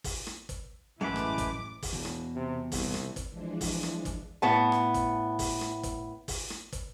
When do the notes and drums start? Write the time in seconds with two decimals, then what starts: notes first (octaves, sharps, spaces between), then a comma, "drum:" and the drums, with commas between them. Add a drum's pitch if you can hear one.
0.04 drum: kick, open hi-hat
0.27 drum: rim click
0.49 drum: kick, hi-hat
1.01 A1 F#2 E3 G#3 A3 B4 D6
1.16 drum: rim click
1.38 drum: kick, hi-hat
1.83 drum: kick, open hi-hat
1.93 E1 E2 B2
2.05 drum: rim click
2.35 C3
2.72 C2, drum: kick, open hi-hat
2.94 drum: rim click
3.16 drum: kick, hi-hat
3.30 E3 F3 G#3 D4
3.61 drum: kick, open hi-hat
3.83 drum: rim click
4.05 drum: kick, hi-hat
4.42 A2 B3 A5
4.72 drum: rim click
4.94 drum: kick, hi-hat
5.39 drum: kick, open hi-hat
5.61 drum: rim click
5.83 drum: kick, hi-hat
6.28 drum: kick, open hi-hat
6.50 drum: rim click
6.72 drum: kick, hi-hat